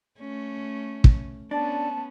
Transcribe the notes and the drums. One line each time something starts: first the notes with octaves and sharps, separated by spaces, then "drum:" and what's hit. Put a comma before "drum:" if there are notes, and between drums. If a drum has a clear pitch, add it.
A3 C#4
drum: kick
B3 C#4 D4 A5